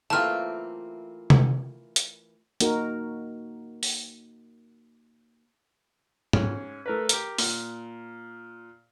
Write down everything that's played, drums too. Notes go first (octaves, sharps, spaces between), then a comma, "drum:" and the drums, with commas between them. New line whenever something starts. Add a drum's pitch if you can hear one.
E3 A3 A#3 C4 F4 A5 F6
drum: tom C3
drum: hi-hat
A#3 D#4 F#4 A#4, drum: hi-hat
drum: open hi-hat
G#2 C#4, drum: tom G#2
A3 A#4 B4
G4 A#4, drum: hi-hat
A#2, drum: open hi-hat